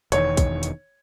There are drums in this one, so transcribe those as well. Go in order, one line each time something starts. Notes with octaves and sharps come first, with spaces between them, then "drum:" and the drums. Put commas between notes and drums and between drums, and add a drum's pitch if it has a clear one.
E1 E2 D#3 C#5, drum: hi-hat
drum: kick, hi-hat
drum: hi-hat